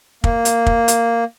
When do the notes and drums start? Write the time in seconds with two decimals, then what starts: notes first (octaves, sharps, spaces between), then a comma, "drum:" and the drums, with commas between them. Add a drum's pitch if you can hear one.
0.24 A#3, drum: kick
0.45 drum: hi-hat
0.66 drum: kick
0.88 drum: hi-hat